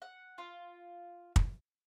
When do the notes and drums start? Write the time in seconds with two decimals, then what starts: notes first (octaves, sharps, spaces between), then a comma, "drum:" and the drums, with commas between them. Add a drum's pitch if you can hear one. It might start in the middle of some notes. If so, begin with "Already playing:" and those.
0.02 F#5
0.38 F4
1.36 drum: kick